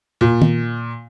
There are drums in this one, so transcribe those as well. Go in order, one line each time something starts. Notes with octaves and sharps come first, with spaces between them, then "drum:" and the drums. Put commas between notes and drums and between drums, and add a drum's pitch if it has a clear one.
A#2
drum: tom